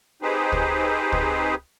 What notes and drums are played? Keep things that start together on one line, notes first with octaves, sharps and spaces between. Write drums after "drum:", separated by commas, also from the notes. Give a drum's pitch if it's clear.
C4 D#4 G4 G#4 B4 C5
drum: kick
drum: kick